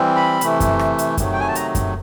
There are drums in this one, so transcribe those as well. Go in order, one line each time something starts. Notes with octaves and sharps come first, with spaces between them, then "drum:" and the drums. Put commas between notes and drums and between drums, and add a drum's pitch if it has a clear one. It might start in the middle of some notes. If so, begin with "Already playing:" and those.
Already playing: E3 G3 C4
B5
C3 E3 A3, drum: hi-hat
drum: kick F#2, hi-hat
drum: rim click
drum: hi-hat
C3 D#3 F#3 A3, drum: kick F#2, hi-hat
G5
G#5
A5
A#5, drum: hi-hat
drum: kick F#2, hi-hat